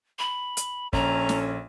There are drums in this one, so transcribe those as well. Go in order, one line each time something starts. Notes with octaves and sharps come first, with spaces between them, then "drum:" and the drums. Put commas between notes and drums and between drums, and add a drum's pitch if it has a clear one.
B5
drum: hi-hat
A#1 C#4 A4 A#5, drum: kick
drum: snare